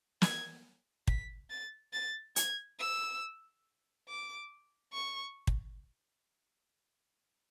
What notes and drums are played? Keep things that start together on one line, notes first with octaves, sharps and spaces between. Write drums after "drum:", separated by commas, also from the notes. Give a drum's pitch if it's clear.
G#6, drum: snare
B6, drum: kick
A6
A6
G#6, drum: hi-hat
E6
D6
C#6
drum: kick